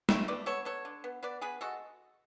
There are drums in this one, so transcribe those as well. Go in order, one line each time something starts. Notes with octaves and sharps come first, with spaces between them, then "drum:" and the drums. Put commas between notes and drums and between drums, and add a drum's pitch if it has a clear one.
A3 C#5 E5, drum: snare
A3 B4 D5
B3 A4 C#5
B3 A4 C#5
D3
B3
B3 B4 D5
B3 G#4 B4
G#3 F#4 A4